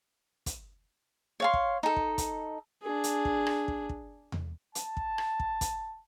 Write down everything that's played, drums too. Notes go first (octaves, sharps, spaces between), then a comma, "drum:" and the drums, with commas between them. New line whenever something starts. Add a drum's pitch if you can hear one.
drum: kick, hi-hat
C#5 F5 C6
drum: kick
D#4 A4
drum: kick
drum: kick, hi-hat
D4 G#4
drum: hi-hat
drum: kick
drum: rim click
drum: kick
drum: kick
drum: tom E2
A5, drum: hi-hat
drum: kick
drum: rim click
drum: kick
drum: kick, hi-hat